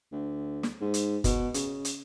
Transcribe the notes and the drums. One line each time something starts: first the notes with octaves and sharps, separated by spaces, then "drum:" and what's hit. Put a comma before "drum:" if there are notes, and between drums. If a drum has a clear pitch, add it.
D2
drum: snare
G#2
drum: hi-hat
B2, drum: kick, hi-hat
C#3, drum: hi-hat
drum: hi-hat